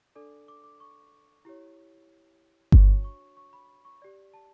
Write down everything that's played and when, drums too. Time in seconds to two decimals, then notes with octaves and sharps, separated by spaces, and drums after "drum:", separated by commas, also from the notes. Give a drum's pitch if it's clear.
0.15 D4 A4 D5 D6
0.48 D6
0.64 D6
0.80 C#6
1.45 E4 G4 C#5
2.72 D4 F#4 C#5 C#6, drum: kick G1
3.04 C#6
3.37 C#6
3.53 B5
3.85 C#6
4.02 G4 D5
4.34 A5